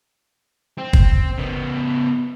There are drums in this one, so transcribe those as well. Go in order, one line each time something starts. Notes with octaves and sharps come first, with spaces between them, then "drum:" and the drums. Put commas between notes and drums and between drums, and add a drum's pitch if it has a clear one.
C4
drum: kick
C#3 B3